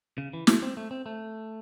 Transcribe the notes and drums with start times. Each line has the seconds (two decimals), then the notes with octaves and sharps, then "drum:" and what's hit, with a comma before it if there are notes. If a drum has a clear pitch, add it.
0.18 C#3
0.33 E3
0.47 A3, drum: snare
0.63 C4
0.77 A3
0.91 C4
1.06 A3